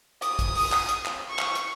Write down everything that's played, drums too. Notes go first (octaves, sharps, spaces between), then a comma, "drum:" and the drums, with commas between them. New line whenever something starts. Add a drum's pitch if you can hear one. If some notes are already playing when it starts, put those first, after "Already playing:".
D#6, drum: hi-hat
drum: kick, hi-hat
drum: open hi-hat
drum: clap
drum: hi-hat
drum: clap
C#6
drum: clap
drum: hi-hat